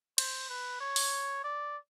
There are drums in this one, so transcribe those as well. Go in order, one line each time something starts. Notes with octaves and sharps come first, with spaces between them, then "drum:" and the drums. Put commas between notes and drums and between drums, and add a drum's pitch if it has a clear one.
C5, drum: cymbal
B4
C#5
drum: open hi-hat
D5